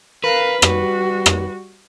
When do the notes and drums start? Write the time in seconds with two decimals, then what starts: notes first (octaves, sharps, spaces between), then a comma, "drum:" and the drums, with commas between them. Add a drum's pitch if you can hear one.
0.24 A#4 B4 F5
0.62 G3 F#4, drum: rim click
1.26 drum: rim click